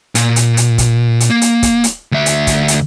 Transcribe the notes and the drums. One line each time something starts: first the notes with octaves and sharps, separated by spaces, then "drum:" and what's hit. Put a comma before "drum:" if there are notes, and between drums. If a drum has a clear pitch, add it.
A#2, drum: hi-hat
drum: hi-hat
drum: hi-hat
drum: kick, hi-hat
drum: hi-hat
A#3
drum: hi-hat
drum: kick, hi-hat
drum: hi-hat
D2 E5
drum: hi-hat
drum: kick, hi-hat
drum: hi-hat